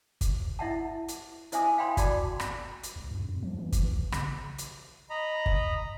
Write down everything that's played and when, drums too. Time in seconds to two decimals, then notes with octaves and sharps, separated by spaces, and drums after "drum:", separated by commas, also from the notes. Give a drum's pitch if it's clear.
0.21 drum: kick, hi-hat
0.59 E4 E5 F#5 A5
1.08 drum: hi-hat
1.52 E4 C5 E5 G#5 D6 D#6, drum: hi-hat
1.78 F5 G5 B5 C6
1.97 F#4 D5 A5 D6, drum: kick, hi-hat
2.40 drum: rim click
2.83 drum: hi-hat
2.96 C#2
3.11 F#2
3.29 F2
3.43 F3
3.59 E3
3.72 E3, drum: kick, hi-hat
3.91 B1
4.12 C#3, drum: rim click
4.58 drum: hi-hat
5.10 D#5 A#5 B5
5.46 drum: kick